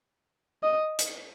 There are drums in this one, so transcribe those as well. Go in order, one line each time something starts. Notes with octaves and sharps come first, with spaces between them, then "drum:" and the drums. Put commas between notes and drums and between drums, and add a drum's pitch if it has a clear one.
D#5
drum: hi-hat